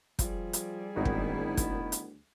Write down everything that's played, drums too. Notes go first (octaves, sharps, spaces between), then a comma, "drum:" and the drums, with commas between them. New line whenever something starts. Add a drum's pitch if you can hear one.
F3 G3 G#4, drum: kick, hi-hat
drum: hi-hat
G#1 D2 D#3 B3 D#4 E4 F#4
drum: kick
drum: kick, hi-hat
drum: hi-hat